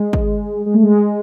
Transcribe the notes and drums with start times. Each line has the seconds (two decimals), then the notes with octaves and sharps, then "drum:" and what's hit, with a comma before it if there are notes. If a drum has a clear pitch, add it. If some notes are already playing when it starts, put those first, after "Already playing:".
Already playing: G#3
0.13 drum: kick
0.66 G#3
0.74 A3
0.83 G#3